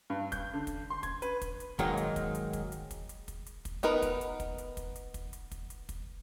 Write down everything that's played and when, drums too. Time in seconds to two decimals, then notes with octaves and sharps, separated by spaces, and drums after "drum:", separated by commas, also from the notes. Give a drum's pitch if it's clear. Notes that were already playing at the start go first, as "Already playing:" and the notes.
0.10 G2
0.32 G6, drum: kick, hi-hat
0.53 D3
0.67 drum: kick, hi-hat
0.90 C6
1.03 G#6, drum: kick, hi-hat
1.22 B4, drum: hi-hat
1.41 drum: kick, hi-hat
1.60 drum: hi-hat
1.79 G#2 D#3 F#3 G#3 A#3 D#4, drum: kick, hi-hat
1.97 drum: hi-hat
2.16 drum: kick, hi-hat
2.35 drum: hi-hat
2.53 drum: kick, hi-hat
2.72 drum: hi-hat
2.91 drum: kick, hi-hat
3.09 drum: hi-hat
3.28 drum: kick, hi-hat
3.46 drum: hi-hat
3.65 drum: kick, hi-hat
3.83 B3 D#4 A#4 B4, drum: hi-hat
4.02 drum: kick, hi-hat
4.21 drum: hi-hat
4.40 drum: kick, hi-hat
4.58 drum: hi-hat
4.77 drum: kick, hi-hat
4.96 drum: hi-hat
5.14 drum: kick, hi-hat
5.33 drum: hi-hat
5.51 drum: kick, hi-hat
5.70 drum: hi-hat
5.89 drum: kick, hi-hat